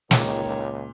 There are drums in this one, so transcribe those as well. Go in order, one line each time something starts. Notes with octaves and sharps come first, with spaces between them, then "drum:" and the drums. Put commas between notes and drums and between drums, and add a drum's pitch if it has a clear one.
C#2 A#2 D#3 C#5, drum: snare